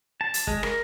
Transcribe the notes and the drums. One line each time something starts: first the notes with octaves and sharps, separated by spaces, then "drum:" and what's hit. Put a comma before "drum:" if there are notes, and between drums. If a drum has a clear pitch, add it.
A5
drum: hi-hat
G#3, drum: kick
A#4, drum: rim click